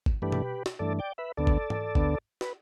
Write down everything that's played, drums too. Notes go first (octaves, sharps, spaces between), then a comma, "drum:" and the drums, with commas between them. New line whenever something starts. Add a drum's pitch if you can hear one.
drum: kick G#1
G2 E3 A3 D4 G4 B4
drum: tom B2
drum: snare
G2 E3 A3 D4 A4 D5
D5 G5
B4 E5
D2 D3 B3 D4 A4 D5
drum: kick G#1
drum: tom G#2
D2 D3 B3 D4, drum: kick G#1
B4, drum: snare